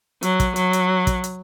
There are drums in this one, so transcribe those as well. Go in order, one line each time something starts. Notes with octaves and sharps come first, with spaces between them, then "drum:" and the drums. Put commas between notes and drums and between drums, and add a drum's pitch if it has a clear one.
F#3, drum: hi-hat
drum: kick, hi-hat
F#3, drum: hi-hat
drum: hi-hat
drum: kick, hi-hat
drum: hi-hat